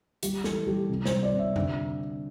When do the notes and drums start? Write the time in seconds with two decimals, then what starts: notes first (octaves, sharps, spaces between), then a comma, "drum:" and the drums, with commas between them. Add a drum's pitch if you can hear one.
0.23 G3 G4, drum: hi-hat
0.44 E3 A4, drum: snare
0.66 G3 G4
0.89 C3
1.06 C5, drum: snare
1.12 G3
1.23 D5
1.34 C3 E5
1.56 D3, drum: tom F2